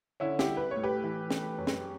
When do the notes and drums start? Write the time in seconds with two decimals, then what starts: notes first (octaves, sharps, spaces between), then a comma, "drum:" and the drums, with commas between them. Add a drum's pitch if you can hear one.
0.20 D3 C#4 E4
0.39 E4 G4, drum: snare
0.48 G3
0.57 B4
0.71 A2 C#5
0.83 G4 B4
1.04 E3
1.31 A3, drum: snare
1.58 F#2
1.67 drum: snare